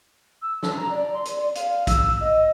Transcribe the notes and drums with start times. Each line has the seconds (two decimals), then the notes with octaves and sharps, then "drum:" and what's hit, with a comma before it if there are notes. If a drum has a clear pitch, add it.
0.42 E6
0.63 A5, drum: snare
0.76 A#5
0.91 D5
1.14 C6
1.25 drum: hi-hat
1.36 D5
1.55 F5, drum: hi-hat
1.87 E6, drum: kick, hi-hat
2.21 D#5